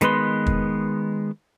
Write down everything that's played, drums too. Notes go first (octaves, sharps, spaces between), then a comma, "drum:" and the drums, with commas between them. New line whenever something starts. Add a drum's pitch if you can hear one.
D#3 G#3 B3 B4 C6, drum: hi-hat
drum: kick